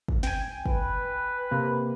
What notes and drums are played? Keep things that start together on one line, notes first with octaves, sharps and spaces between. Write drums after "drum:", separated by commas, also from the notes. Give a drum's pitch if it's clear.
drum: kick
G5 G#5, drum: snare
B4, drum: kick
C3 A#3